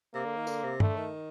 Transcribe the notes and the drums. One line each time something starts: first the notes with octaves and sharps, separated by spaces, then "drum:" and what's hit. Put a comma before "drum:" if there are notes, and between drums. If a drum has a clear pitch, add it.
C3 A#3
D3
D#3
D3, drum: tambourine
C3
D3 A3, drum: tom G2
D#3